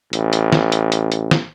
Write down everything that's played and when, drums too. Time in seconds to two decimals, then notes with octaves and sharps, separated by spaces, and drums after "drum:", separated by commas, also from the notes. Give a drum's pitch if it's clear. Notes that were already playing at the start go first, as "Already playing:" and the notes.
0.13 A1, drum: hi-hat
0.33 drum: hi-hat
0.52 drum: snare
0.72 drum: hi-hat
0.92 drum: hi-hat
1.12 drum: hi-hat
1.31 drum: snare